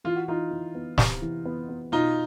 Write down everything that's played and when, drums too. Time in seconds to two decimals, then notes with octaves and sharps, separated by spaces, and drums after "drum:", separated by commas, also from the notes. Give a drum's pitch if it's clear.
0.04 E3 F4
0.16 F#4
0.28 E3 D#4 F4
0.51 E3
0.75 B3
0.98 C3, drum: snare
1.22 E3
1.45 B3
1.69 B3
1.92 B2 D#4 F4